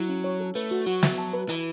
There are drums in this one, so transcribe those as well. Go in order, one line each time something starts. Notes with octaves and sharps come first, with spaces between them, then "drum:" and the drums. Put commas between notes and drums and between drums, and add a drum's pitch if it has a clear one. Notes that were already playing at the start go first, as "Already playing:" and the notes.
Already playing: F#3 E4
C#4
C#5
A4
A3 B4
F#4
F#3 F#4
E5, drum: snare
A5
B4
E3 B4, drum: hi-hat